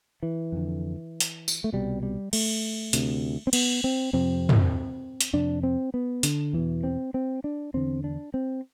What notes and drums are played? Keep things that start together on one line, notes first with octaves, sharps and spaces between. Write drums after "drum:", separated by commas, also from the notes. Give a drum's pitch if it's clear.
E3
F2 D3
drum: hi-hat
drum: tambourine
A3
C2 B2 G3
G3
A3, drum: cymbal
D2 C3, drum: hi-hat
C4
B3, drum: cymbal
C4
F2 C3 C4
drum: tom
drum: hi-hat
F2 C3 D4
C4
B3
D3, drum: hi-hat
E2 B2 E3
C4
C4
D4
E2 D3 C4
D4
C4